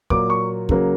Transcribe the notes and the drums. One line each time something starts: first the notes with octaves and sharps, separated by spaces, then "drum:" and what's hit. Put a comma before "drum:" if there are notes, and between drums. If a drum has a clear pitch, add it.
A#2 F#3 A#3 D6, drum: kick
C#6
C#3 F#3 A#3, drum: kick